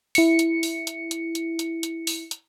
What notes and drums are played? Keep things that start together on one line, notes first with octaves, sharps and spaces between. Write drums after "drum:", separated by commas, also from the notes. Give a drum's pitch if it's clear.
E4 C#7, drum: open hi-hat
drum: hi-hat
drum: open hi-hat
drum: hi-hat
drum: hi-hat
drum: hi-hat
drum: hi-hat
drum: hi-hat
drum: open hi-hat
drum: hi-hat